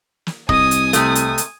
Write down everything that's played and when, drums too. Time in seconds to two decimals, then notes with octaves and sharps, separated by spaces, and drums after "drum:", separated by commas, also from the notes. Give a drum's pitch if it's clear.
0.27 drum: snare
0.49 C2 D#5 G#5 D#6, drum: kick
0.71 drum: hi-hat
0.93 C3 A3, drum: hi-hat
1.15 drum: hi-hat
1.38 drum: hi-hat